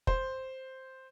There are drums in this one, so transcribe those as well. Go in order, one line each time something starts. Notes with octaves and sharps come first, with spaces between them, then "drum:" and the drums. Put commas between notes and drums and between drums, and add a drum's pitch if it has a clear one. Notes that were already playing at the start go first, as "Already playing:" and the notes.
C5, drum: kick